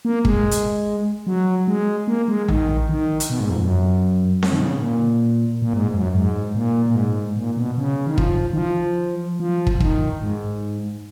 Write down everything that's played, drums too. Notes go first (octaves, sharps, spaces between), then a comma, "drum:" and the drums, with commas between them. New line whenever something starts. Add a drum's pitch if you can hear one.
A#3
G#3, drum: kick
drum: hi-hat
F#3
G#3
A#3
G#3
D#3, drum: tom A#1
D#3
drum: hi-hat
B2
G#2
F2
F#2
drum: snare C4
D#3
B2
C#3
A#2
A#2
G#2
F#2
G#2
A#2
A#2
G#2
A#2
B2
C#3
D#3
F3, drum: kick
D#3
F3
F3
drum: kick
D#3, drum: kick
G#2